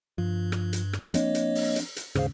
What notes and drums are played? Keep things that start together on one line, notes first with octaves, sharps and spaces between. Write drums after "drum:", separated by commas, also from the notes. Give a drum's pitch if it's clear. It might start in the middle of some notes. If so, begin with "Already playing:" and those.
G2 F3
drum: rim click
drum: hi-hat
drum: rim click
F3 A#3 C4 D4 C#5 D#5, drum: hi-hat
drum: hi-hat
drum: open hi-hat
drum: hi-hat
drum: hi-hat
D#2 G#2 C#3 G#4 C5 F5, drum: rim click